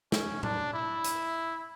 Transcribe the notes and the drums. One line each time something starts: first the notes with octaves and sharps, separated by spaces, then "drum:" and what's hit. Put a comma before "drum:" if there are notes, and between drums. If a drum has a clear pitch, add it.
C#4, drum: snare
D4, drum: tom A2
E4
drum: hi-hat